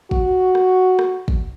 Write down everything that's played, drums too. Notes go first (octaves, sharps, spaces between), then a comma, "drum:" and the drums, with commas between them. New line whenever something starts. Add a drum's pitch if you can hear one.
F#4, drum: kick
drum: rim click
drum: rim click
drum: kick